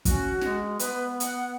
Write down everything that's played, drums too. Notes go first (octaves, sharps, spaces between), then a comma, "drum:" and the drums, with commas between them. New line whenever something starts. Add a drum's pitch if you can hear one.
C#4 F#4, drum: kick, hi-hat
G#3, drum: snare
B3 B4, drum: hi-hat
F#5, drum: hi-hat